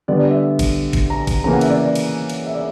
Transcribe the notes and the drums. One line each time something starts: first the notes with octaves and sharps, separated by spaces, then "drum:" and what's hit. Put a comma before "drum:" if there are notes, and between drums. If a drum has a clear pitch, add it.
D3 G3 B3 D5
D5
E5
drum: kick G#1, cymbal
drum: kick G#1, cymbal
A#5
drum: kick G#1, cymbal
C#3 E3 A#3 A#5
F#5
E5, drum: cymbal
D5
drum: cymbal
drum: cymbal
E5
D5